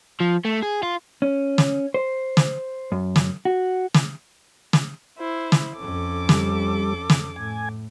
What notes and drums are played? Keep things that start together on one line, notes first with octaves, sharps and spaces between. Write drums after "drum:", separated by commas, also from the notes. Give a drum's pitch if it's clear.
F3
A3
G#4
F4
C#4
drum: snare
C5
drum: snare
F#2
drum: snare
F#4
drum: snare
drum: snare
E4 C5
drum: snare
F2 C#4 A4 D6
G3, drum: snare
drum: snare
A2 G#5